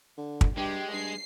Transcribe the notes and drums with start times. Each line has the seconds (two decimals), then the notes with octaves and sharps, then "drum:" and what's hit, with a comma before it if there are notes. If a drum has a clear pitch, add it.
0.18 D3
0.41 drum: kick
0.57 G2 G#3 G4
0.93 G2 C7